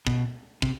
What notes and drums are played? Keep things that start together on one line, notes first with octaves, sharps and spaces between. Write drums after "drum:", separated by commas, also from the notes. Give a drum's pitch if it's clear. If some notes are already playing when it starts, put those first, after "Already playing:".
B2, drum: kick
C3, drum: kick